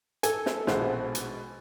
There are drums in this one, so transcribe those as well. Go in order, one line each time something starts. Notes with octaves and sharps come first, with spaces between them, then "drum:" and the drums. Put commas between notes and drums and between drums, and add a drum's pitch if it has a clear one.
A4 G#5, drum: hi-hat
drum: snare
A#1 B2 G#3 C5 F#5, drum: snare
drum: hi-hat